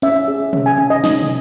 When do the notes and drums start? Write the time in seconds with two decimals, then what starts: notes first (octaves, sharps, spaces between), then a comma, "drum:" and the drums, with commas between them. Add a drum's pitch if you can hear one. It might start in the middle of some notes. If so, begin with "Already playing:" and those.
0.02 C#4 E5, drum: hi-hat
0.28 G#4
0.53 C#4, drum: tom
0.66 G#5
0.78 C#4
0.90 D#5
1.04 D#4, drum: snare
1.20 drum: tom